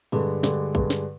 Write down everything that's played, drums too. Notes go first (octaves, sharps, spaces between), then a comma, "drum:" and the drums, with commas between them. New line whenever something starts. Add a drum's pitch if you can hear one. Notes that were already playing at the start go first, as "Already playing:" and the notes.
G2 D3 G#3, drum: open hi-hat
G2 D3 G#3, drum: snare
G2 D3 G#3, drum: kick A#1, hi-hat
drum: snare